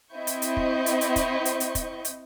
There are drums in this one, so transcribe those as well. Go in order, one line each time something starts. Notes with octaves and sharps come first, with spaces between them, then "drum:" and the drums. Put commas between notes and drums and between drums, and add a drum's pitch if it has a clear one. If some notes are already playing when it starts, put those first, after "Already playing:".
C4 E4 D#5 C#6 G6
drum: hi-hat
drum: hi-hat
drum: kick
drum: hi-hat
drum: hi-hat
drum: kick, hi-hat
drum: hi-hat
drum: hi-hat
drum: kick, hi-hat
drum: hi-hat